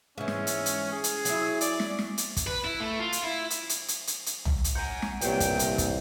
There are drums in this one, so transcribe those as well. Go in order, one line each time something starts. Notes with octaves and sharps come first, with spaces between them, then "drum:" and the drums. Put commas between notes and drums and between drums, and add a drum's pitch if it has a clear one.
G#2 E3 C#4
drum: snare
drum: hi-hat
drum: hi-hat
G#4
drum: hi-hat
F#3 E4, drum: hi-hat
D5, drum: hi-hat
drum: snare
drum: snare
drum: hi-hat
drum: kick, hi-hat
B4
E4
A3
F4
drum: hi-hat
E4
drum: hi-hat
drum: hi-hat
drum: hi-hat
drum: hi-hat
drum: hi-hat
drum: tom
drum: hi-hat
F#5 G#5 A#5 G6
drum: snare
C2 A#2 B3 G4 C#5 G5, drum: hi-hat
drum: kick, hi-hat
drum: hi-hat
drum: kick, hi-hat